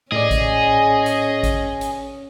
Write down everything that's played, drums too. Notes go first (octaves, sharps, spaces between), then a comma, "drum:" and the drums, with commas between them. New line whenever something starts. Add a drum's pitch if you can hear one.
A2 C#4 G#4 D5 D#5
drum: kick A1, hi-hat
drum: hi-hat
drum: kick A1, hi-hat
drum: hi-hat